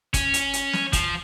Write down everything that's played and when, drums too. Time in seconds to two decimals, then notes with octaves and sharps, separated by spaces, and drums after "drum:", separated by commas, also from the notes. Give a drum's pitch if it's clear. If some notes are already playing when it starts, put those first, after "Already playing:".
0.14 C#4, drum: kick, hi-hat
0.34 drum: hi-hat
0.53 drum: hi-hat
0.73 drum: snare
0.93 F3, drum: kick, hi-hat